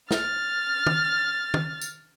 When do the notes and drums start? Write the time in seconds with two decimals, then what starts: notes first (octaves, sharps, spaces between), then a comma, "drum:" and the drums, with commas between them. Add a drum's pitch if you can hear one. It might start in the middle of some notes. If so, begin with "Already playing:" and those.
0.11 F6 A6, drum: snare
0.87 drum: tom
1.54 drum: tom
1.82 drum: tambourine